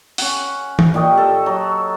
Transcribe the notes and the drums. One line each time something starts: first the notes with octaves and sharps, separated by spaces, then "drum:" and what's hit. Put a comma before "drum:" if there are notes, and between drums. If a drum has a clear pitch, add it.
C#4 F#5, drum: open hi-hat
drum: tom
A#2 G4 D#5 C#6
A4
F#3